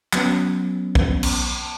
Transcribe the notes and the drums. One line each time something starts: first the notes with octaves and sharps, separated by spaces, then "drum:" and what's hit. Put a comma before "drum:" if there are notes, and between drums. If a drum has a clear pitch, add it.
F#3 B3 C#4, drum: clap
drum: kick A#1
drum: cymbal